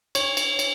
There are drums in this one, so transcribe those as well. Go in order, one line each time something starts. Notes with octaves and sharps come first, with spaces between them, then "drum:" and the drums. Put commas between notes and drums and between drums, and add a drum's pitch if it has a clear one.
C#5, drum: cymbal
drum: cymbal
drum: cymbal